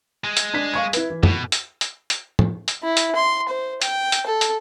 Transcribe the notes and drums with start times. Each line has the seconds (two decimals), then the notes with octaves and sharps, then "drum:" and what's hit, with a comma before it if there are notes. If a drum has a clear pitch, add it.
0.24 G#3
0.37 drum: hi-hat
0.54 D4 B6
0.74 F5 C#6 G#6
0.93 E4 B4, drum: hi-hat
1.10 E3
1.23 B2, drum: tom
1.52 drum: hi-hat
1.81 drum: hi-hat
2.10 drum: hi-hat
2.39 drum: tom
2.68 drum: hi-hat
2.83 E4
2.97 drum: hi-hat
3.15 C6
3.48 C5
3.82 G5, drum: hi-hat
4.12 drum: hi-hat
4.26 A4
4.41 drum: hi-hat